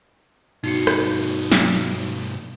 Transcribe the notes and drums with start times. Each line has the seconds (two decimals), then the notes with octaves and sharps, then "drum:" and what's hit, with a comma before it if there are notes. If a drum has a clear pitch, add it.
0.64 G2 B2 D#4 F#4 C#7
0.87 drum: rim click
1.52 drum: snare